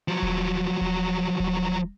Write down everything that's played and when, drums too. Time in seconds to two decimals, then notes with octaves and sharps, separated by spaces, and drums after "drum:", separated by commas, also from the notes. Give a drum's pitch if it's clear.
0.08 F3 F#3
0.22 drum: kick D#1
0.81 drum: kick D#1
1.40 drum: kick D#1